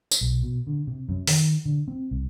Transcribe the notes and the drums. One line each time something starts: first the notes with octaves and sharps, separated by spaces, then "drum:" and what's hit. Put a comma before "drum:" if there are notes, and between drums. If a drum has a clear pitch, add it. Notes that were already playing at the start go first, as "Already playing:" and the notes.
drum: tambourine
B1
B2
D3
C3
F#2
D#3, drum: open hi-hat
D3
C4
C2